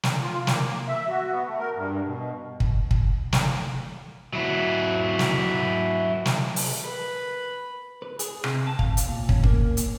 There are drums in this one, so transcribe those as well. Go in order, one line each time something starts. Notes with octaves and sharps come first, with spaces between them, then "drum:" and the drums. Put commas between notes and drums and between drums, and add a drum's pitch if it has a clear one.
drum: snare
F4
A#3, drum: snare
E5
F#4
B3
A3
A#4
G2
B2
drum: kick
drum: kick
drum: snare
F#3 E4
drum: snare
drum: snare
drum: open hi-hat
B4
B4
G#4, drum: hi-hat
C3, drum: rim click
A5
F5, drum: kick
drum: hi-hat
A#2
C#4, drum: kick
A#3, drum: kick
drum: hi-hat